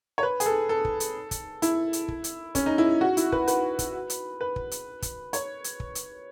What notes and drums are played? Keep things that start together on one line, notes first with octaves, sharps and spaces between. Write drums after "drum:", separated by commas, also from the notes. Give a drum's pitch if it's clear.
C#5
B4
G#4, drum: hi-hat
A4
A4
drum: kick
drum: hi-hat
drum: kick, hi-hat
E4, drum: hi-hat
drum: hi-hat
drum: kick
drum: hi-hat
C#4, drum: kick, hi-hat
D#4
E4
F#4
E4, drum: hi-hat
B4, drum: kick
B4, drum: hi-hat
drum: kick, hi-hat
drum: hi-hat
B4
drum: kick
drum: hi-hat
drum: kick, hi-hat
C#5, drum: hi-hat
drum: hi-hat
drum: kick
drum: hi-hat